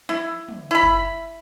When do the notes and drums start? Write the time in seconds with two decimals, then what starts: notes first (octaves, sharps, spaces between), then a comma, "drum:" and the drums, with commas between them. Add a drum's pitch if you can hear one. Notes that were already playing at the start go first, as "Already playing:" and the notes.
0.09 E4, drum: snare
0.49 drum: tom
0.71 E4 B5
0.83 drum: kick F#1